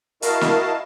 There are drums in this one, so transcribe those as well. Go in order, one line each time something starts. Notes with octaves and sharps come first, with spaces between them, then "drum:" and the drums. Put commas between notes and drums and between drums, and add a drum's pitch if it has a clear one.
E4 F#4 A#4 D#5 F5 A5, drum: hi-hat
drum: snare